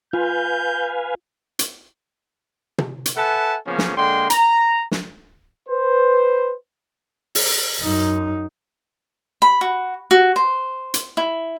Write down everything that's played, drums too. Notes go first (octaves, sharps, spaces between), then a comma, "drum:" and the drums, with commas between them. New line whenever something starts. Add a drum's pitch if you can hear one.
F4 B4 F5 G#5 G6
drum: hi-hat
drum: tom
drum: hi-hat
A4 B4 E5 F#5 G#5 A5
C#3 F3 A#3 B3 C#4
drum: snare
D3 G#3 A#3 G5 C6
A#5, drum: hi-hat
drum: snare
B4 C5
drum: open hi-hat
F#2 D#4
B5
F#4
F#4
C5
drum: hi-hat
E4